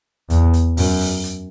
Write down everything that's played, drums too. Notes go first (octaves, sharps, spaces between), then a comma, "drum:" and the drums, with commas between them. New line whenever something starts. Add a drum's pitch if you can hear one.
E2, drum: hi-hat
drum: hi-hat
F#2, drum: open hi-hat
drum: open hi-hat
drum: hi-hat